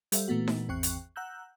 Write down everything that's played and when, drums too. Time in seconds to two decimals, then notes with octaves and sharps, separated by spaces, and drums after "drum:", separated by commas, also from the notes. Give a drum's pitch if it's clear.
0.12 G3 A4 C5 E5 F5, drum: hi-hat
0.28 A#2 E3 A3 B3 F#4
0.48 drum: snare D#4
0.68 G#1 E2 C4 G5 C#6 F#6
0.83 drum: hi-hat
1.16 F#5 A#5 E6 F#6 G6